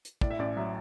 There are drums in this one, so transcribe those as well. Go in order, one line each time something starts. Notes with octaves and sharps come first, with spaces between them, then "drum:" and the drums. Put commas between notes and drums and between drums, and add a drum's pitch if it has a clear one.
drum: hi-hat
A2 D5, drum: kick
E5
A1 D5
F#3 E5